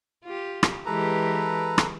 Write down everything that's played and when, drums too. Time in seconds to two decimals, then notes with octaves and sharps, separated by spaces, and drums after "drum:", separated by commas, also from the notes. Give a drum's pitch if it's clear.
0.25 F4 G4
0.63 drum: rim click
0.86 E3 G#3 G4 A4 B4 A#5
1.78 drum: rim click